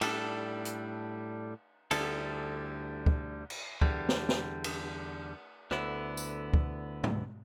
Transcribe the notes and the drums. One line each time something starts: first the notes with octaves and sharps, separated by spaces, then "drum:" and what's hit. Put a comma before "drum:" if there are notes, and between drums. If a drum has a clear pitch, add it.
A2 G3 D4 A4, drum: cymbal
drum: hi-hat
D2 D3 G3 E4 A4, drum: cymbal
drum: kick
drum: cymbal
E2 D3 G3, drum: kick
drum: snare
drum: snare
drum: cymbal
D2 D3 B3 E4, drum: rim click
drum: tambourine
drum: kick
drum: tom G#2